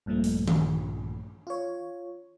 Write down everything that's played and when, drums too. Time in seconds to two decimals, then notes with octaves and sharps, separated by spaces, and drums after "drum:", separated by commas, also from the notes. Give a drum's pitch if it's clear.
0.06 A#1 G2 A#2 F3 A3
0.24 drum: hi-hat
0.48 drum: tom D#3
1.47 F4 C#5